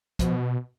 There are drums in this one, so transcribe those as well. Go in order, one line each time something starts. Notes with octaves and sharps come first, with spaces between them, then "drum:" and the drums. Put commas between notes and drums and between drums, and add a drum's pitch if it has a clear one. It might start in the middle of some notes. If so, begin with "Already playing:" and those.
B2 F3, drum: kick, hi-hat